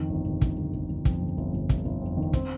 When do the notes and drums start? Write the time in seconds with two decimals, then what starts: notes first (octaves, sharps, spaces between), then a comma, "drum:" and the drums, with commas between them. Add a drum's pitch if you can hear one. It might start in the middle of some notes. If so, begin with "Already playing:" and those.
Already playing: F2 D#3
0.09 G1
0.25 G1
0.41 G1, drum: kick, hi-hat
0.57 G1
0.74 G1
0.89 G1
1.05 F2, drum: kick, hi-hat
1.21 G1
1.37 G1
1.54 G1
1.69 G1, drum: kick, hi-hat
1.85 G1
2.01 F2
2.17 D#3
2.33 C4, drum: kick, hi-hat